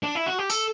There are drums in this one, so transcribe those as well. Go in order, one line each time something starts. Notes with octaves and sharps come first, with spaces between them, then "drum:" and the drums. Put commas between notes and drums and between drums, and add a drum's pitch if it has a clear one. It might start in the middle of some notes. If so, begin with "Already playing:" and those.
D4
E4
F#4
G4
A4, drum: tambourine